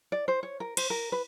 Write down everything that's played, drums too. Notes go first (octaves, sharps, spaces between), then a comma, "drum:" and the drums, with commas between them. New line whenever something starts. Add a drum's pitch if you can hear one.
D5
C5
C#5
A#4
C5, drum: cymbal
A#4
B4